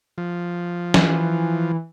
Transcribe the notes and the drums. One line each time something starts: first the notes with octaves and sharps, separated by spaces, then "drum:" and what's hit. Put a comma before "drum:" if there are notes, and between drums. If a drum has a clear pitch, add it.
F3
E3, drum: snare